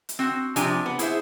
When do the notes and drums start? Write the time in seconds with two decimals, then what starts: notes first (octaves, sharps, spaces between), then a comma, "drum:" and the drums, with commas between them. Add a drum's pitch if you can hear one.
0.09 drum: hi-hat
0.19 C4 F#4
0.56 C3 F3 D4 G4 G#5 A#5, drum: hi-hat
0.86 B3
0.99 E4 G#4 C5 E5, drum: hi-hat